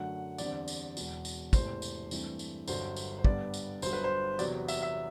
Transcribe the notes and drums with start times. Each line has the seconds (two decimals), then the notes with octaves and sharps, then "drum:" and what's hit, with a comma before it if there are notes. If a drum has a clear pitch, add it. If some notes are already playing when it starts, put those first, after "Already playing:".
Already playing: F#2 D3 F#3 A3 F#5
0.38 E2 D3 G3 C4 D5, drum: tambourine
0.68 drum: tambourine
0.97 E1 E2 B2, drum: tambourine
1.25 drum: tambourine
1.53 E1 E2 C3 E3 A3 C5, drum: kick, tambourine
1.82 drum: tambourine
2.11 G2 E3 A3 C4, drum: tambourine
2.39 drum: tambourine
2.67 G1 G2 D3 F#3 C5, drum: tambourine
2.96 drum: tambourine
3.19 C5
3.24 G2 D3 G3 B3 D5, drum: kick
3.54 drum: tambourine
3.82 G1 G2 F#3 C5, drum: tambourine
3.93 B4
4.04 C5
4.39 E2 C3 F#3 B3 D5, drum: tambourine
4.68 E5, drum: tambourine
4.82 E5